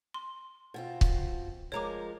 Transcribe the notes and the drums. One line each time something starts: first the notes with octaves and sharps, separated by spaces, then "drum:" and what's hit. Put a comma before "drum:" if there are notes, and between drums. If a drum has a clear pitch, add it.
C6
B2 C4 F4
drum: kick C#1
F3 G#3 A#4 C#5 A#5 D6